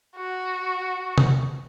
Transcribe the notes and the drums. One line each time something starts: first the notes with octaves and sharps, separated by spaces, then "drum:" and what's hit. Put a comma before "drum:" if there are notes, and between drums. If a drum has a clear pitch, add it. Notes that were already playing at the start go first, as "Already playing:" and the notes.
F#4
drum: tom C3